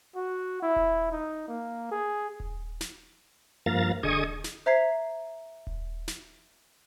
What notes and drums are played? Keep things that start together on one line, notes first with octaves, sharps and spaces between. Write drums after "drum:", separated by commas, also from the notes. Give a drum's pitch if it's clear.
F#4
E4
drum: kick D#1
D#4
A#3
G#4
drum: kick D#1
drum: snare
G2 F3 A#3 F5 A#5 A6
D3 G#4 D#5 C#6 D#6 G#6, drum: kick D#1
drum: snare
C5 E5 A#5 G#6 B6 C7
drum: kick D#1
drum: snare